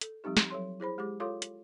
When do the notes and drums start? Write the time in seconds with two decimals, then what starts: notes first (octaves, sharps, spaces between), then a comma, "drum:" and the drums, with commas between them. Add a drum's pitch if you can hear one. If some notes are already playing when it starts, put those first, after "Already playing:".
0.01 A4, drum: hi-hat
0.24 F3 G3 C4 D#4 G4
0.37 drum: snare
0.50 F#3 A4 C#5 C6
0.80 E4 G#4 C5 B5
0.98 G#3 G4 G#4 D6
1.20 F4 A4 C#5 F5 C6 D6
1.42 drum: hi-hat